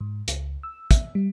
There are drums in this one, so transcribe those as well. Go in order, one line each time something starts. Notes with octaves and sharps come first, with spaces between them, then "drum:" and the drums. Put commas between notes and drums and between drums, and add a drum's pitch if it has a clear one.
G#2
C#2, drum: hi-hat
E6
E5, drum: kick, hi-hat
G3